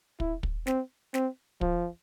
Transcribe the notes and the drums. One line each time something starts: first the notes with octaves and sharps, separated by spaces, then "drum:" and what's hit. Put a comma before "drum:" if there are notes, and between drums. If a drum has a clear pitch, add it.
E4, drum: kick
drum: kick
C4, drum: snare
C4, drum: snare
F3, drum: kick